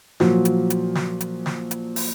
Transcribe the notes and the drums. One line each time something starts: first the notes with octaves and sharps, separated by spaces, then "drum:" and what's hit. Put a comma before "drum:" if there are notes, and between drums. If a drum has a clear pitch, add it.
A#2 F3 F#3, drum: snare
drum: hi-hat
drum: hi-hat
drum: snare
drum: hi-hat
drum: snare
drum: hi-hat
drum: open hi-hat